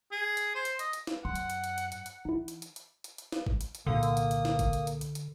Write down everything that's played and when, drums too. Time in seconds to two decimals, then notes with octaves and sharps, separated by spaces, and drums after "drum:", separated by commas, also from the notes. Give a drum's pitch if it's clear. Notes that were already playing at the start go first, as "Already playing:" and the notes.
0.12 G#4
0.37 drum: hi-hat
0.55 C5
0.65 drum: hi-hat
0.79 D#5, drum: hi-hat
0.93 drum: hi-hat
1.07 drum: snare
1.25 F#2 F#5 C6
1.36 drum: hi-hat
1.50 drum: hi-hat
1.64 drum: hi-hat
1.78 drum: hi-hat
1.92 drum: hi-hat
2.06 drum: hi-hat
2.25 E3 D#4 E4
2.48 drum: hi-hat
2.62 drum: hi-hat
2.76 drum: hi-hat
3.04 drum: hi-hat
3.18 drum: hi-hat
3.32 drum: snare
3.47 drum: kick G#1
3.61 drum: hi-hat
3.75 drum: hi-hat
3.87 C2 A#2 D3 A#3 D#6
4.03 drum: hi-hat
4.17 drum: hi-hat
4.31 drum: hi-hat
4.45 drum: snare
4.59 drum: kick G#1, hi-hat
4.73 drum: hi-hat
4.87 drum: hi-hat
5.01 drum: hi-hat
5.15 drum: hi-hat